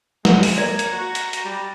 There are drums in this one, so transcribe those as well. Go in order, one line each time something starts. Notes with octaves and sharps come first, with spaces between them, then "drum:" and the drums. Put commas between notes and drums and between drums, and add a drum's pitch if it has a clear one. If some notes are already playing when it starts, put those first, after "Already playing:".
G#3, drum: snare
drum: open hi-hat
A#3 D5 A#5
drum: hi-hat
F#4
drum: hi-hat
drum: hi-hat
G3